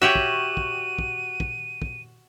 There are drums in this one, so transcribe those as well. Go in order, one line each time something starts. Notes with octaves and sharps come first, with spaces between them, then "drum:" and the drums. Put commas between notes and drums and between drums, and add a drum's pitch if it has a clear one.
F#4 G4 C#5 E5 D#7 E7 F#7
drum: kick
drum: kick
drum: kick
drum: kick
drum: kick